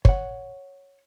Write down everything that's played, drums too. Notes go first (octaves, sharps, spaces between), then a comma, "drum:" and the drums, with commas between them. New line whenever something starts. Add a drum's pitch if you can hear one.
C#5 F#5, drum: kick